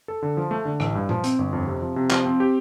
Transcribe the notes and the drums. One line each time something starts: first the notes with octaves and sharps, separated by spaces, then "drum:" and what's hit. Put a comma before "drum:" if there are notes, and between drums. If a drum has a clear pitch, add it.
A4
D3
F3
A3
D3
A1, drum: rim click
G2
F3, drum: tom A#2
C4, drum: hi-hat
G1
F2
C3
F3
C3
F3, drum: clap
C4
G4